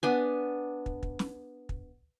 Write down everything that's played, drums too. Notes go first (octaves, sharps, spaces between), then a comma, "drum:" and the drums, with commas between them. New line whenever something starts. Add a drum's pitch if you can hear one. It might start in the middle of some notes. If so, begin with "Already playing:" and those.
B3 D4 G#5
drum: kick
drum: kick
drum: snare
drum: kick